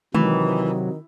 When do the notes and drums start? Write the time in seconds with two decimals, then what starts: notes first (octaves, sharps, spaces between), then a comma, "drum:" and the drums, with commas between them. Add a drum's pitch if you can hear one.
0.14 C3 D#3 E3 F#3, drum: tom G#3